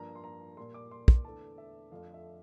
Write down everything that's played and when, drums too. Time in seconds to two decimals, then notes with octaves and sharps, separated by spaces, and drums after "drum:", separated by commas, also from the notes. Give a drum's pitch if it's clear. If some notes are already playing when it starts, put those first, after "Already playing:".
Already playing: G2 F3 A#3 A#5
0.15 C6
0.24 A#5
0.57 A#2 G3 A#3 C6
0.74 D6
0.91 C6
1.08 C6, drum: kick
1.24 E2 D3 A3 A5
1.58 E5
1.91 F2 D3 F3 A3 F5
2.14 E5